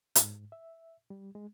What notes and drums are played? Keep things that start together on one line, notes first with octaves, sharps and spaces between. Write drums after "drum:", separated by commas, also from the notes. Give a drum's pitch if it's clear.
G#2, drum: hi-hat
E5
G3
G#3